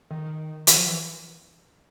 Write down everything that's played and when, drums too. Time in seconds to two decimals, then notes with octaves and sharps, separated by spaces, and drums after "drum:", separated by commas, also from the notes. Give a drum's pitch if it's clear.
0.10 D#3
0.67 D#3, drum: hi-hat
0.72 F#3
0.77 F3
0.86 E3